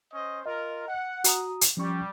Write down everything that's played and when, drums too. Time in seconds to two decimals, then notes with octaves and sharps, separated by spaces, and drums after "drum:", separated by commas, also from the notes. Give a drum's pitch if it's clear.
0.12 C#4 C5 D#5
0.46 F4 A#4 D#5
0.89 F#5
1.24 F#4 A#5 D#6, drum: hi-hat
1.61 drum: hi-hat
1.77 F3 G3 C#4 C#6